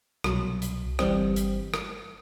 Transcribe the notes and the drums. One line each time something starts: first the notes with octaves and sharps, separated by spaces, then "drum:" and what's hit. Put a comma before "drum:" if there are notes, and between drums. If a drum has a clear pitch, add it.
C2 B2 F#3, drum: rim click
drum: hi-hat
G1 G2 E3 G3 C4, drum: rim click
drum: hi-hat
drum: rim click